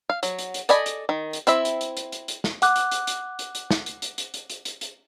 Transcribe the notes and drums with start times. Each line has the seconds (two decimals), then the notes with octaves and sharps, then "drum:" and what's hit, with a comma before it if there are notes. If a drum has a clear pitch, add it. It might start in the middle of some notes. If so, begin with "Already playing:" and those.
0.10 F5
0.23 F#3, drum: hi-hat
0.39 drum: hi-hat
0.54 drum: hi-hat
0.69 A4 D5 D#5 G#5 B5, drum: hi-hat
0.86 drum: hi-hat
1.09 D#3
1.33 drum: hi-hat
1.47 C4 E4 E5, drum: hi-hat
1.65 drum: hi-hat
1.81 drum: hi-hat
1.97 drum: hi-hat
2.12 drum: hi-hat
2.28 drum: hi-hat
2.44 drum: snare
2.62 F#5 D6 F#6, drum: hi-hat
2.76 drum: hi-hat
2.91 drum: hi-hat
3.07 drum: hi-hat
3.39 drum: hi-hat
3.55 drum: hi-hat
3.71 drum: snare
3.86 drum: hi-hat
4.02 drum: hi-hat
4.18 drum: hi-hat
4.34 drum: hi-hat
4.50 drum: hi-hat
4.65 drum: hi-hat
4.81 drum: hi-hat